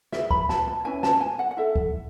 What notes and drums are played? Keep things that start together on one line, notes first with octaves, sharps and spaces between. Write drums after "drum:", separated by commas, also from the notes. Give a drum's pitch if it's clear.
E4 G#4 B4 E5, drum: snare
B5, drum: kick C#2
A5, drum: snare
A5
C#4 E4 B4 G#5
A5, drum: snare
G#5
F#5
F#5
E4 A4 E5
drum: kick C#2